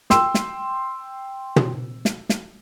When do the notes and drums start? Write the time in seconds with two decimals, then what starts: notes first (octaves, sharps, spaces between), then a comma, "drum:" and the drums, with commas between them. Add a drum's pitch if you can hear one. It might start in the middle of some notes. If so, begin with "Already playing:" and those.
0.10 G5 C6 E6, drum: snare
0.34 drum: snare
1.56 drum: tom
2.05 drum: snare
2.29 drum: snare